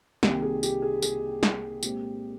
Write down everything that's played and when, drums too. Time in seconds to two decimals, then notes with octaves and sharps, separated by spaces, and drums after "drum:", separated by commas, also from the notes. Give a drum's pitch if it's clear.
0.23 C2 C3 D#3 A#3 G4, drum: snare
0.42 G#4
0.63 G4, drum: tambourine
0.82 G#4
1.02 G#4, drum: tambourine
1.43 drum: snare
1.83 A#2 G#3 C4 G4, drum: tambourine